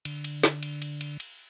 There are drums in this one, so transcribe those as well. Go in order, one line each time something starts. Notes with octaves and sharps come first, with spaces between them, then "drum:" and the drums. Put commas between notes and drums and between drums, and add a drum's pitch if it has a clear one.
D3, drum: cymbal
drum: cymbal
drum: snare
drum: cymbal
drum: cymbal
drum: cymbal
drum: cymbal